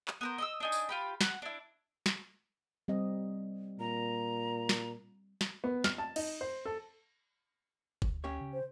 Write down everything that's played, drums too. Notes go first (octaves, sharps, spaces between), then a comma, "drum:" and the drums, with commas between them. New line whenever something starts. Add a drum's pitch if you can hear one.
drum: clap
B3 A#4 C5
D#5 E5 E6
D4 D#4 G#5
drum: tambourine
F4 G4 B5
F#5, drum: snare
D4 E4
drum: snare
G3 C4 D#5
A#2 A#5
drum: snare
drum: snare
B3
F6, drum: snare
A5
D#4, drum: cymbal
C5
A4
D2, drum: kick F#1
C#4 G4 C#5
C#3
C5